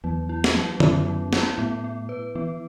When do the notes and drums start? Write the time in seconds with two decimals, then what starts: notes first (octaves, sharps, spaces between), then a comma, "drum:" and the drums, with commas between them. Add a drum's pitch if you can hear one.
0.04 E2 F#3
0.29 E4
0.44 drum: snare
0.56 F#3
0.80 F#2 B3, drum: tom
1.07 F#3
1.33 E4, drum: snare
1.58 A2 B3
1.84 B3
2.09 B4
2.35 E3 B3